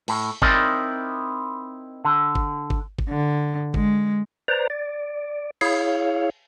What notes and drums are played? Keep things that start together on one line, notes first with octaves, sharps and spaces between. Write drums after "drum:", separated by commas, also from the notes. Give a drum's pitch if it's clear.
A2, drum: cymbal
C4 D#4 E4 A#4 D5, drum: kick G1
D3
drum: kick G1
drum: kick G1
drum: kick G1
D3
G#3, drum: kick G1
B4 C5 D5 A#5
D5
E4 G#4 C#5 F5, drum: cymbal